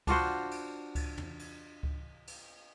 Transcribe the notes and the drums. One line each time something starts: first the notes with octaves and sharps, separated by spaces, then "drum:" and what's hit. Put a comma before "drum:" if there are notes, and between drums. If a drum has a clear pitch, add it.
D4 F4 F#4 C5, drum: kick C#2, cymbal
drum: cymbal
drum: kick C#2, cymbal
drum: tom
drum: cymbal
drum: kick C#2
drum: cymbal